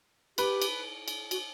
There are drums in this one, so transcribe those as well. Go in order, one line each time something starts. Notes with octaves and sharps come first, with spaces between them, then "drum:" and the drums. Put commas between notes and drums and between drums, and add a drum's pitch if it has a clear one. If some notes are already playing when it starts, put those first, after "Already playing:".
G4 B4, drum: cymbal
drum: cymbal
drum: cymbal
F#4, drum: cymbal